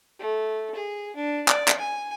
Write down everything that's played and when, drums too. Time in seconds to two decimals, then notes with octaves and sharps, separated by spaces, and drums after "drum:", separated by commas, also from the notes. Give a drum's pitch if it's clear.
0.20 A3
0.75 G#4
1.16 D4
1.48 D5, drum: clap
1.68 drum: clap
1.78 G#5